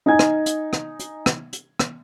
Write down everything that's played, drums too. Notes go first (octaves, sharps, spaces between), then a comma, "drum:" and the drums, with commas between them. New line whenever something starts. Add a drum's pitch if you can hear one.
D#4 G#5 G#6
drum: rim click
drum: hi-hat
drum: rim click
drum: hi-hat
drum: rim click
drum: hi-hat
drum: rim click